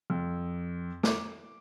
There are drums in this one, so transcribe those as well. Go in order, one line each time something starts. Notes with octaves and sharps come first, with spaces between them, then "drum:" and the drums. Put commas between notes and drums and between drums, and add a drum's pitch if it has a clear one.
F2
D6, drum: snare